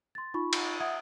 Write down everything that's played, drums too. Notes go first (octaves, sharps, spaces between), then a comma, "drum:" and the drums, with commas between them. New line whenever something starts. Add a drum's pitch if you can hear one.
C6 A6
D#4 F4 B5 C#6
drum: cymbal
E5 F#5 D#6 G#6